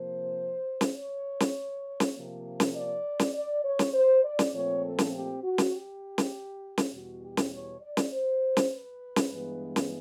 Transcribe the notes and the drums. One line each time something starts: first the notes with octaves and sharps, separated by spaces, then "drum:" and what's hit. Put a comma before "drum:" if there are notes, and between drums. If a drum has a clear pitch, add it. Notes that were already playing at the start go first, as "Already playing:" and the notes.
Already playing: C3 F3 A#3 C5
drum: snare
C#5
drum: snare
drum: snare
C3 F3 A#3
drum: snare
D5
drum: snare
D5
C#5
drum: snare
C5
D5
drum: snare
A#2 F3 A3 C4 C#5
A4
drum: snare
G4
F#4
drum: snare
G4
drum: snare
drum: snare
E2 B2 G3 F#4
G4
drum: snare
C#5
D5
drum: snare
C5
drum: snare
B4
drum: snare
G2 E3 G#3 B3
drum: snare